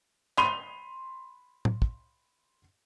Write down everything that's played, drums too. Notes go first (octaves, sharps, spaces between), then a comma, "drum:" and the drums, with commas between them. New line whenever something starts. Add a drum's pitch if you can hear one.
B5 C6 D#7 F7 G7, drum: clap
drum: tom
drum: kick